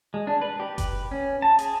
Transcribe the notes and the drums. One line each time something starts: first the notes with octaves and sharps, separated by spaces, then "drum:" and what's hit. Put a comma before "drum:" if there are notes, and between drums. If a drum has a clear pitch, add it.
G#3
D4
B4
G4
B4, drum: kick F#1, hi-hat
C#4
A5
G#4, drum: hi-hat